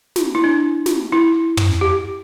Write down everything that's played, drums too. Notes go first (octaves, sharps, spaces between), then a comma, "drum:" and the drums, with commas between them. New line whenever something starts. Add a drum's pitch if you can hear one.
drum: snare
E4
D4
drum: snare
E4
drum: tom
G4